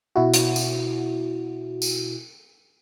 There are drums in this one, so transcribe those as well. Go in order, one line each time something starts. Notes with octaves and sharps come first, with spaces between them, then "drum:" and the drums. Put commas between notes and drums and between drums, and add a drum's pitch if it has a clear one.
B2 E4 F#4
drum: hi-hat
drum: tambourine
drum: tambourine